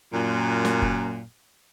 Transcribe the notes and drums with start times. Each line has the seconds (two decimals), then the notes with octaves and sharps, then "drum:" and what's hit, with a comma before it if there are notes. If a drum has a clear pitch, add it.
0.13 F#2 A#2
0.65 drum: snare
0.82 drum: kick